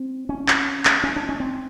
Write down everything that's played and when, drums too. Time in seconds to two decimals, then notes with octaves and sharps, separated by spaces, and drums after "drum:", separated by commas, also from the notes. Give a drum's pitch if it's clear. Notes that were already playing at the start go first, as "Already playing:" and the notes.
Already playing: C4
0.29 C#4
0.48 drum: clap
0.85 drum: clap
1.04 C#4
1.16 D4
1.29 C#4
1.40 C4